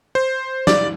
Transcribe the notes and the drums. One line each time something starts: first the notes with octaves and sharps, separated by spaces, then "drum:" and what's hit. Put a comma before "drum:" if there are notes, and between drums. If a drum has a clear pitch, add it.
C5
D5, drum: snare